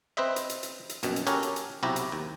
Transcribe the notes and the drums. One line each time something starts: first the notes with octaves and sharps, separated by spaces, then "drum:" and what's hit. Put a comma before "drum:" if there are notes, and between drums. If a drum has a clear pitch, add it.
C4 B4 C5 D#5 E5
drum: hi-hat
drum: hi-hat
drum: hi-hat
drum: hi-hat
A#1 F#2 B2, drum: hi-hat
drum: hi-hat
C#4 F#4 G4 A4 A#4 C#5, drum: hi-hat
drum: hi-hat
drum: hi-hat
B1 C3 E4 F#4 G4 A#5
drum: hi-hat
D#2